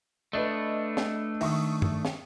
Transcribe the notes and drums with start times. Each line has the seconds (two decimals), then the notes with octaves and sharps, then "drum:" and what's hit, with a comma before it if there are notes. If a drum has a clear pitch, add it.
0.33 A3 D4 B4 D#5
0.97 drum: snare
1.41 D#3 E5 C#6 D#6, drum: open hi-hat
1.82 drum: tom G2
2.05 drum: snare